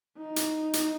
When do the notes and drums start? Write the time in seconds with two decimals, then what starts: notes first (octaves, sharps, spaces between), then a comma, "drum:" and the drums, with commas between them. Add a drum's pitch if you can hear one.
0.18 D#4
0.36 drum: hi-hat
0.73 drum: hi-hat